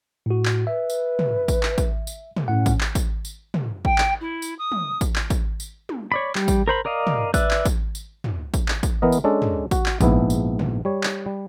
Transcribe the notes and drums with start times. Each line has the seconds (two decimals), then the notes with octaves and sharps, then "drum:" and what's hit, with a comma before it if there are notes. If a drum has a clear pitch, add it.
0.26 A2 F#4
0.46 drum: clap
0.67 B4 E5
0.90 drum: tambourine
1.19 drum: tom
1.48 drum: kick, tambourine
1.63 drum: clap
1.78 drum: kick, tambourine
2.07 drum: tambourine
2.37 drum: tom
2.48 A2 C#4 F#5
2.66 drum: kick, tambourine
2.81 drum: clap
2.95 drum: kick, tambourine
3.25 drum: tambourine
3.54 drum: tom
3.85 G5, drum: kick
3.98 drum: clap
4.20 E4
4.42 drum: tambourine
4.58 D#6
4.72 drum: tom
5.01 drum: kick, tambourine
5.16 drum: clap
5.30 drum: kick, tambourine
5.60 drum: tambourine
5.89 drum: tom
6.12 C#5 D5 B5
6.35 G3, drum: clap
6.48 drum: kick, tambourine
6.68 A#4 C5 B5
6.85 A#4 D5 D#5 F5
7.07 drum: tom
7.34 B4 D5 E5 F#6, drum: kick, tambourine
7.51 drum: clap
7.65 drum: kick, tambourine
7.95 drum: tambourine
8.24 drum: tom
8.54 drum: kick, tambourine
8.68 drum: clap
8.83 drum: kick, tambourine
9.02 E3 B3 A#4 D#5
9.12 drum: tambourine
9.24 G#3 C#4 D4 A4
9.42 drum: tom
9.71 F#4, drum: kick, tambourine
9.86 drum: clap
10.01 A#1 G#2 B3 E4, drum: kick, tambourine
10.30 drum: tambourine
10.59 drum: tom
10.85 G3 C#5
11.03 drum: clap
11.26 G3